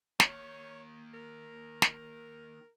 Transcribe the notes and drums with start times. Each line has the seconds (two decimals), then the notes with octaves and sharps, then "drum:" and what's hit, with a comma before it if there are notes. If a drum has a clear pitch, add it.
0.20 D#3 A#3 C#5, drum: snare
1.14 A#4
1.82 drum: snare